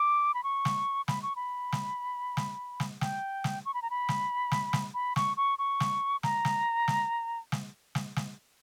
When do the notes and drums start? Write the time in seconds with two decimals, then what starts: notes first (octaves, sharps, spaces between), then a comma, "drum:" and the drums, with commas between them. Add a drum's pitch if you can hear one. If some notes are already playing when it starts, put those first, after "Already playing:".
Already playing: D6
0.34 B5
0.44 C#6
0.65 drum: snare
1.08 B5, drum: snare
1.22 C#6
1.36 B5
1.72 drum: snare
2.37 drum: snare
2.80 drum: snare
3.01 G5, drum: snare
3.44 drum: snare
3.65 C#6
3.74 B5
3.82 A#5
3.90 B5
4.09 drum: snare
4.51 drum: snare
4.73 drum: snare
4.94 B5
5.16 C#6, drum: snare
5.37 C#6
5.59 C#6
5.80 drum: snare
6.23 A#5, drum: snare
6.45 drum: snare
6.88 drum: snare
7.52 drum: snare
7.95 drum: snare
8.16 drum: snare